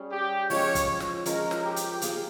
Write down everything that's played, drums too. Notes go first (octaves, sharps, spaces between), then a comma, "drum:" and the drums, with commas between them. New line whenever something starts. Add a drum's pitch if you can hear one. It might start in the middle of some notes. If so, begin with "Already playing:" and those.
Already playing: G3 C#4 G#4
G4
F3 G#3 C#4 C#5, drum: open hi-hat
drum: kick, hi-hat
drum: snare
F3 G#3 C#4 A#4, drum: hi-hat
drum: snare
G4
drum: hi-hat
F3 A#3 F4 G#4, drum: hi-hat